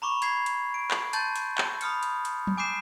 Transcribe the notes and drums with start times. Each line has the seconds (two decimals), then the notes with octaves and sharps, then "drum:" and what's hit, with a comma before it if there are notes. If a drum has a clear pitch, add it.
0.02 A#5 B5 C#6 D6
0.22 B5 G#6 C7, drum: hi-hat
0.46 drum: hi-hat
0.74 D7
0.91 drum: clap
1.13 A5 C6 G6 A6, drum: hi-hat
1.36 drum: hi-hat
1.58 drum: clap
1.81 B5 D#6 F6 C#7, drum: hi-hat
2.03 drum: hi-hat
2.25 drum: hi-hat
2.47 drum: tom F#3
2.58 G#5 D6 G6 C7 E7